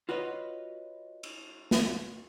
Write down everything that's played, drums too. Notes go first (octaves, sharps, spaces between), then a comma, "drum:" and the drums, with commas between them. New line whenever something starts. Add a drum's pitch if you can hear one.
F4 F#4 B4 C#5 D#5
drum: cymbal
drum: snare